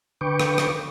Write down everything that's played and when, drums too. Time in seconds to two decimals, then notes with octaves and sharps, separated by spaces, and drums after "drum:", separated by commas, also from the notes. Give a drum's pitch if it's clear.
0.21 D3 B4 G5 C#6 D6
0.40 drum: rim click
0.58 drum: rim click